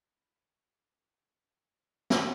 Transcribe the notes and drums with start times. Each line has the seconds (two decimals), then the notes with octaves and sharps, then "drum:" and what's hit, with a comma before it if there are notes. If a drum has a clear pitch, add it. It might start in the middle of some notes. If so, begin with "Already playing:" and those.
0.13 B5
0.44 C#6
0.74 D6
2.10 drum: snare